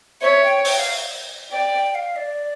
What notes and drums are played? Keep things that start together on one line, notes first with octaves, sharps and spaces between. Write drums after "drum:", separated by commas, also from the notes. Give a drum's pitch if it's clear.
C#5 E5
G5
G5, drum: open hi-hat
F5
D5 G5
F5
D5